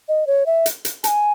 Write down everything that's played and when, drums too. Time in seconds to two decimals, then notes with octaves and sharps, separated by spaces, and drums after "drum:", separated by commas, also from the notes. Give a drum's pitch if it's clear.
0.09 D#5
0.27 C#5
0.46 E5
0.66 drum: hi-hat
0.85 drum: hi-hat
1.04 A5, drum: hi-hat
1.07 G#5